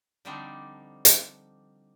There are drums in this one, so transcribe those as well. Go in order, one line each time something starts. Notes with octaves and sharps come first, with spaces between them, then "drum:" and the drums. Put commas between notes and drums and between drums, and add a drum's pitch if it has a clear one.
D3 F3 G3 C4 D4 D#4
drum: hi-hat